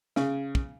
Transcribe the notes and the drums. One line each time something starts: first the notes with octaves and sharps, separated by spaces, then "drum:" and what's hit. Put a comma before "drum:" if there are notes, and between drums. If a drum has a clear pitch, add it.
C#3, drum: snare
drum: kick